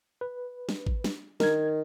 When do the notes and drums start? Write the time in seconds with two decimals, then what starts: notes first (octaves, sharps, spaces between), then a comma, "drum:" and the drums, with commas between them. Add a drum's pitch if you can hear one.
0.21 B4
0.69 drum: snare D4
0.87 drum: kick G#1
1.04 drum: snare D4
1.40 D#3 A#4 G#6, drum: snare D4